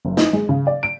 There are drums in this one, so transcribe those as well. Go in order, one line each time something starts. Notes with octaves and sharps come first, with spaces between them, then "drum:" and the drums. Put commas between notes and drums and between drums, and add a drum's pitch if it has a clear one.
F#1
D#4, drum: snare
G#3
C#3
D5
D7